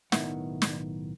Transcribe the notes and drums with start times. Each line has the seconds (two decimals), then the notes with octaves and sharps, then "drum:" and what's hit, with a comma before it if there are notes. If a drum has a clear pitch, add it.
0.12 B1 A2 D#3 B3 E4 F#5, drum: snare
0.62 drum: snare